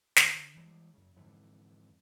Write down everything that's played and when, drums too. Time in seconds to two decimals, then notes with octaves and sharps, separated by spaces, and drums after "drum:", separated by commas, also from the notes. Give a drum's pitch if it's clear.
0.16 D#3, drum: snare
0.34 D3
0.56 E3 G3 G#3
0.94 F#2 C#3
1.16 F2 G#2 D3 E3